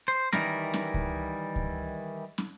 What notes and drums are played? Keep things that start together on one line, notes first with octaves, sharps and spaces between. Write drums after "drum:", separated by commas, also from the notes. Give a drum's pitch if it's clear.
C5
D#3 E3 G3 A#4, drum: snare
drum: snare
drum: kick C#2
drum: kick C#2
drum: snare